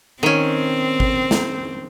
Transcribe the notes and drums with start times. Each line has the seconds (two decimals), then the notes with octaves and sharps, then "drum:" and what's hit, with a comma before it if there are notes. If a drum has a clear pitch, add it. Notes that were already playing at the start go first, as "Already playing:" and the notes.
0.23 D#3 C4 C#4
1.00 drum: kick G#1
1.31 drum: snare